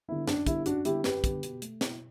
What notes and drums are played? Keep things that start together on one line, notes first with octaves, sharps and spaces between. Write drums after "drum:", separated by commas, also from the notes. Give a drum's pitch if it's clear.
D3 G3 B3 E4
F#2 D4, drum: snare
D3 G3 B3 E4, drum: kick, hi-hat
F#2 D4 F#4, drum: hi-hat
D3 G3 B3 E4 G4, drum: hi-hat
F#2 G4 B4, drum: snare
D3 G3 B3, drum: kick, hi-hat
B2, drum: hi-hat
A3, drum: hi-hat
B2 E4, drum: snare